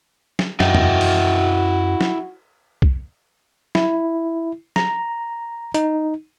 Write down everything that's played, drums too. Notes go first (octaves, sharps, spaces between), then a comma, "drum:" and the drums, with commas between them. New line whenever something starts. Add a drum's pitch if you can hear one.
drum: snare
F#2 E4 F#4 D#5 G5, drum: snare
drum: tom E2
drum: cymbal
drum: snare
drum: kick B1
E4, drum: snare
A#5, drum: snare
D#4, drum: hi-hat